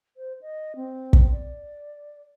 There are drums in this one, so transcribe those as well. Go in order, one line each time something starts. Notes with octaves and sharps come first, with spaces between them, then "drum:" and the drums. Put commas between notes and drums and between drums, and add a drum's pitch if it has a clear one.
C5
D#5
C4
drum: kick
D5